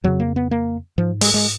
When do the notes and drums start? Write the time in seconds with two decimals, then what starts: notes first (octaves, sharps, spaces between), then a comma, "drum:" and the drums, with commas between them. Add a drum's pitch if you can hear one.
0.04 F2 C#3 F#3
0.20 A#3
0.36 B3
0.51 A#3
0.98 G#2 F3
1.21 G#3, drum: open hi-hat
1.34 G#3